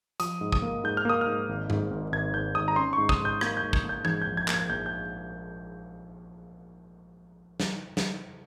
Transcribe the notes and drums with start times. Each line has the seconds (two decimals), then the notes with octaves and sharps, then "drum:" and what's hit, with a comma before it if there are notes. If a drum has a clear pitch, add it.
0.20 F3 D#6, drum: hi-hat
0.41 G#2
0.52 D#6, drum: kick
0.62 A#3
0.84 G#2 G6
0.97 F6
1.05 A#3 D#6
1.21 F6
1.26 G#2
1.49 G#1
1.70 G#2, drum: tom G2
1.91 G#1
2.12 G#1 G#6
2.33 G#1 G6
2.55 G#1 D#6
2.68 A#5
2.76 C#4 C6
2.93 C#6
2.98 G#2
3.09 D#6, drum: kick
3.20 G#2 G6
3.41 A#3 G#6, drum: rim click
3.57 G6
3.62 G#2
3.73 G#6, drum: kick
3.84 A#3
3.89 G6
4.05 G#2 G#6, drum: tom E3
4.22 G6
4.27 A#1
4.37 G#6
4.48 A#3, drum: clap
4.54 G#6
4.69 A#1 G6
4.86 G6
7.60 drum: snare
7.97 drum: snare